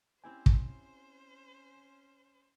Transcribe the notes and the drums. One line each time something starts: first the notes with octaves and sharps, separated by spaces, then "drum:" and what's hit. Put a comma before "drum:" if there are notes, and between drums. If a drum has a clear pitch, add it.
C4 C#4 E4 G4 C5 G#5
drum: kick